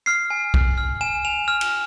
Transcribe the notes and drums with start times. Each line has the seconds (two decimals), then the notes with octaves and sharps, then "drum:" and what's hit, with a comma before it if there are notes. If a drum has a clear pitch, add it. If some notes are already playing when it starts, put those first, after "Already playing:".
0.06 F6 C7
0.30 G#5
0.54 F6, drum: kick B1
0.78 F6
1.01 G#5 E7
1.25 G#5 F7
1.48 F6
1.61 drum: cymbal